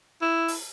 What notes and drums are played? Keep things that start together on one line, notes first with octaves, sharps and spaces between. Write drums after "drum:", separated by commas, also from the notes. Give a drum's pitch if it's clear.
E4
drum: open hi-hat